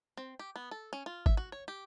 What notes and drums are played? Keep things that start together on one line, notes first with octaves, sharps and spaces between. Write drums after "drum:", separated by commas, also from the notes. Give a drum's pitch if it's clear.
C4
G4
B3
A4
C#4
F4
E5, drum: kick
F#4
C#5
G4